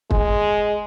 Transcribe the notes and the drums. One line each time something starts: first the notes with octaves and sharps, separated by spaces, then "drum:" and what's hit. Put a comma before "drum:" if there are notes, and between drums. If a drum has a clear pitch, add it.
G#3, drum: kick